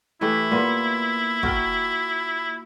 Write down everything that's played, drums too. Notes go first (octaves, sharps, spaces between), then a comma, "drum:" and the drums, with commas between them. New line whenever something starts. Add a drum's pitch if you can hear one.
E3 A3 E4 G4
A#2 A#3 B3
F#4 A#4 G5, drum: kick